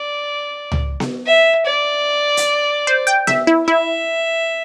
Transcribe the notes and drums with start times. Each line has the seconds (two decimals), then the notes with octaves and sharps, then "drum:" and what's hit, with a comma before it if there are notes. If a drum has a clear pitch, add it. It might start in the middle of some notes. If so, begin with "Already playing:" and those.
Already playing: D5
0.72 drum: tom C#2
1.00 drum: snare B3
1.26 E5
1.66 D5
2.37 drum: hi-hat
2.87 C5
3.07 G5
3.27 E5, drum: snare B3
3.47 E4
3.67 E4 E5